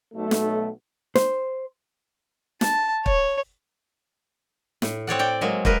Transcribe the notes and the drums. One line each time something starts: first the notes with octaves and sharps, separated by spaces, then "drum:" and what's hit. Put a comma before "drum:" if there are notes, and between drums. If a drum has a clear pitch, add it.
B1 A3
drum: snare
C5, drum: snare
A5, drum: snare
C#5, drum: kick
A2, drum: snare
C4 C#5 D5 F#5
D5 G5
F#3 G#3 A#3
G#3 A#3 A#4 B4, drum: kick